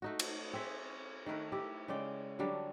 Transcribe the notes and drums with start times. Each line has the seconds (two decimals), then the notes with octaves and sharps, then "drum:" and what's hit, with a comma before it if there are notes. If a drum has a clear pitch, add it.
0.02 A3 D#4 F#4
0.19 drum: cymbal
0.53 C4 G#4 E5 G5
1.26 D#3 A3 A#4 B4
1.52 E4 G4
1.88 C#3 G#3 D5 G5
2.39 D3 F#3 G3 D4